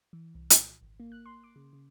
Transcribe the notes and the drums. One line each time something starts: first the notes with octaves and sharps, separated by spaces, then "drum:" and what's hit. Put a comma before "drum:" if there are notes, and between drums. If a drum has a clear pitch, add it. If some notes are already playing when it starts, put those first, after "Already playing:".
E3
C2
A#1, drum: hi-hat
G#1
A#3
F#6
C6
D6
C#3
C#3